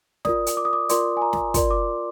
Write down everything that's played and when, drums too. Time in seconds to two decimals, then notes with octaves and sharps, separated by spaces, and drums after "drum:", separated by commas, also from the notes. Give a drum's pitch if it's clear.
0.25 F4 A#4 D5 D#6, drum: snare
0.46 drum: hi-hat
0.57 D6
0.65 D#6
0.73 D6
0.89 F4 A#4 D5 C6, drum: hi-hat
1.17 G#5
1.22 A#5
1.33 drum: snare
1.54 F4 A#4 D5 C6, drum: kick, hi-hat
1.71 D6